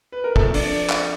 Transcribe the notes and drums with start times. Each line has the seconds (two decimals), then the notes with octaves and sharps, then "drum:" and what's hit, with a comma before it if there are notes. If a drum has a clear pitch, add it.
0.12 B4
0.24 A#4
0.36 F3 A3 A4, drum: kick G1
0.54 D4 D5, drum: open hi-hat
0.90 drum: clap